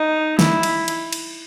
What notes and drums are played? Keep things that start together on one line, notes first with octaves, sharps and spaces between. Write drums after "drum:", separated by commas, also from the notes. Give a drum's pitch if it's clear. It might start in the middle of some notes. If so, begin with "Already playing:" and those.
Already playing: D#4
E4, drum: snare
drum: cymbal
drum: cymbal
drum: cymbal